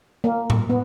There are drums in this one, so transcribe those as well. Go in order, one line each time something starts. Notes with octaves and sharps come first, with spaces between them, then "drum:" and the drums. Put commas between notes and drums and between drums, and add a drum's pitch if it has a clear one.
A#3
drum: tom A2
B3